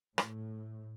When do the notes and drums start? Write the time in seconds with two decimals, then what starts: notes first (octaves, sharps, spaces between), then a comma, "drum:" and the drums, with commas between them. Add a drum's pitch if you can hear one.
0.18 A2, drum: rim click